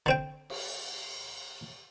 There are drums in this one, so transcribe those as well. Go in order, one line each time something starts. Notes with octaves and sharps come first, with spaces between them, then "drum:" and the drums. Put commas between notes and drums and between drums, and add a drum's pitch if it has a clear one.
D3 C4 G5
drum: cymbal